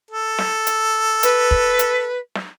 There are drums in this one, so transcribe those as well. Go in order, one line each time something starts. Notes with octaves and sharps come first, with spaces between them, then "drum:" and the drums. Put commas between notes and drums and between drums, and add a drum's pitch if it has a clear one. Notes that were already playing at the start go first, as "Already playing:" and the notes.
A4
drum: snare
drum: hi-hat
B4, drum: hi-hat
drum: kick
drum: hi-hat
drum: snare